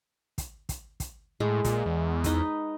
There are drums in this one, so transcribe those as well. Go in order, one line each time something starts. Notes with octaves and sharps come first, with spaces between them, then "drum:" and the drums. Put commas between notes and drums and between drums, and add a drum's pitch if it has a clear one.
drum: kick, hi-hat
drum: kick, hi-hat
drum: kick, hi-hat
A2 G#3
A#2, drum: kick, hi-hat
E2
D#4 B4, drum: kick, hi-hat